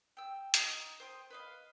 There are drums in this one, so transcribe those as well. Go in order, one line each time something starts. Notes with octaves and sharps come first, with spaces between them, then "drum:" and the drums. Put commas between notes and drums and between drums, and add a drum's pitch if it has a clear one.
G5 E6
D#4, drum: hi-hat
C5 G5 D#6
B4 D#5 F5